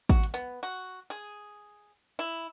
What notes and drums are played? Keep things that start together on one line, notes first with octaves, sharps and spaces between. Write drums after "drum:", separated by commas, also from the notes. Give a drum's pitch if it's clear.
F#4, drum: kick
drum: hi-hat
B3
F#4
G#4
E4